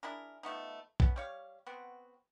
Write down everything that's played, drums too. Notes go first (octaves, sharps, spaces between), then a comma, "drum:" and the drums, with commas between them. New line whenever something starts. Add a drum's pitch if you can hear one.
D4 E4 G#4 A#4
F3 A3 B3 D#4
B3 C#4, drum: kick
G3 C#5 F5
B3 C4 F#4